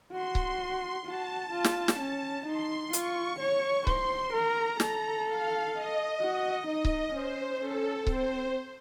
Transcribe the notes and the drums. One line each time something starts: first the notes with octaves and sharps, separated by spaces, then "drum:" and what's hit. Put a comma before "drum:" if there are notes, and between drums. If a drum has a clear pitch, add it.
F#4 C6
drum: kick C#1
F#4 A5
F4
drum: snare
drum: snare
C#4
D#4 C6
F4 C#6, drum: hi-hat
C#5
C5 C6, drum: kick C#1
A#4 A#5
A4, drum: snare
F5
D#5
F#4
D#4 D#5
drum: kick C#1
C#4 C5
C#4 A4
C4 C5, drum: kick C#1